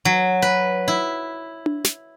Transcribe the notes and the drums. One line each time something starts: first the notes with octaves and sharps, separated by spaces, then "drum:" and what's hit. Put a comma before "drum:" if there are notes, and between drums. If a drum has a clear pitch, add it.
F#3
B4
E4
drum: tom D4
drum: snare